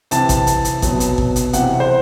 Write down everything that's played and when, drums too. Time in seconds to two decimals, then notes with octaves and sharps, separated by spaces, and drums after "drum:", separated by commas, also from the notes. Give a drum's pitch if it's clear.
0.11 C3 E3 A5, drum: hi-hat
0.29 drum: kick, hi-hat
0.47 drum: hi-hat
0.65 drum: hi-hat
0.82 B2 F#3, drum: kick, hi-hat
1.00 drum: hi-hat
1.18 drum: kick
1.36 drum: hi-hat
1.53 C3 E3 F#5, drum: hi-hat
1.80 C5